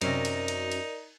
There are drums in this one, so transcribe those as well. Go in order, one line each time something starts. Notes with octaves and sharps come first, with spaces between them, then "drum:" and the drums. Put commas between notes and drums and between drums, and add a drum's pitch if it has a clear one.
F#2 C3 C#4 D#4 A#4 C5 D5, drum: cymbal
drum: cymbal
drum: cymbal
drum: cymbal